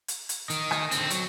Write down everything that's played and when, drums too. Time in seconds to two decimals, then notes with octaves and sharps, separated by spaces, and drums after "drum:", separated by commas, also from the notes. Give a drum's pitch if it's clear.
0.08 drum: hi-hat
0.29 drum: hi-hat
0.50 D#3, drum: hi-hat
0.71 drum: rim click
0.91 D3 C4, drum: hi-hat
1.10 F#3, drum: hi-hat